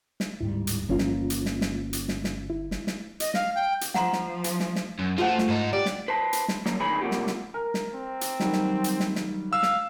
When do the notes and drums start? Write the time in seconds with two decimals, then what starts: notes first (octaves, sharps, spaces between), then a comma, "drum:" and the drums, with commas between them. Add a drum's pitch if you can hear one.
0.20 drum: snare
0.41 D1 G#2 G3 E4
0.67 drum: hi-hat
0.88 G1 G2 E3 F3 A#3 C#4 F4
0.98 drum: snare
1.30 drum: hi-hat
1.46 drum: snare
1.61 drum: snare
1.93 drum: hi-hat
2.08 drum: snare
2.24 drum: snare
2.50 E4
2.71 drum: snare
2.87 drum: snare
3.20 D#5, drum: hi-hat
3.34 F5, drum: snare
3.55 G5
3.81 drum: hi-hat
3.94 F3 F#5 A#5 C6, drum: snare
4.13 drum: snare
4.44 drum: hi-hat
4.60 drum: snare
4.76 drum: snare
4.99 F#2
5.18 F3 A3 F4 G#4 C5 F#5
5.38 drum: snare
5.49 G#2 D#4
5.73 G3 D5
5.86 drum: snare
6.08 B4 C5 A5
6.33 drum: hi-hat
6.48 drum: snare
6.66 F#3 A#3, drum: snare
6.80 D2 D#3 G#4 B4 G#5 B5
7.01 C3 F3 A#3 F#4 G4
7.11 drum: snare
7.27 drum: snare
7.54 A#4
7.74 drum: snare
7.94 C4
8.21 drum: hi-hat
8.40 D#3 F#3 G3, drum: snare
8.53 drum: snare
8.84 drum: hi-hat
9.00 drum: snare
9.16 drum: snare
9.53 F5 E6
9.63 drum: snare